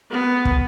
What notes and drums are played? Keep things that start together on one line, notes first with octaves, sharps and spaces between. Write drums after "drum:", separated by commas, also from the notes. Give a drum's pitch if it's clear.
B3
drum: kick